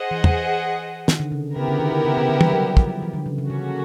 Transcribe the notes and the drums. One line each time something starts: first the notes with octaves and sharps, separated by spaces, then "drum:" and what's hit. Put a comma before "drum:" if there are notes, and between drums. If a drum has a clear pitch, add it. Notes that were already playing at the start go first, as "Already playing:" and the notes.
Already playing: G#4 C5 D#5 F#5
E3
drum: tom
D#3, drum: snare
D3
C#3
C#3 B3 E4 G4 A#4
D3
D#3
D3
C#3
C3
D3
G3, drum: tom
F#3
F3, drum: kick
E3
D3
C#3
C#3
C#3 A#3 C#4 F#4 A4